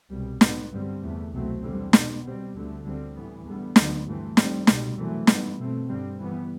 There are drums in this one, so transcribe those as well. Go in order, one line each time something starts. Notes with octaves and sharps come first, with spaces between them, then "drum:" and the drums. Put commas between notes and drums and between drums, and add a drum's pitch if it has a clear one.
C2 B2 G3
A2 F#3 B3, drum: snare
G2 D3 G3 C4
E2 C3 E3 A3
C2 B2 F#3 A3 C4
E2 D3 G3 C4
B2 G3 B3, drum: snare
B2 G3 C4
D2 D3 A3
D2 D3 G3 C4
A2 E3 B3
E2 D3 G3 B3
D2 D3 F#3 B3, drum: snare
G2 E3 A3 C4
A2 G3 C4, drum: snare
C2 B2 G3, drum: snare
F#2 E3 A3 C4
G2 E3 B3, drum: snare
B2 A3 C4
G2 D3 G3 C4
G2 E3 G3 B3